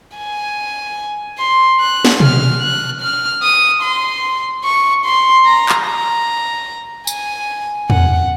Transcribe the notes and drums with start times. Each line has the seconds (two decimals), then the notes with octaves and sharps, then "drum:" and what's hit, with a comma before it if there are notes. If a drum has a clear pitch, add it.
0.17 G#5
1.38 C6
1.80 F#6
2.05 drum: snare
2.20 F6, drum: tom B2
2.61 F#6
3.01 F6
3.42 D#6
3.82 C6
4.65 C#6
5.05 C6
5.46 A#5
5.69 drum: clap
5.87 A#5
7.07 G#5, drum: tambourine
7.90 F#5, drum: tom E2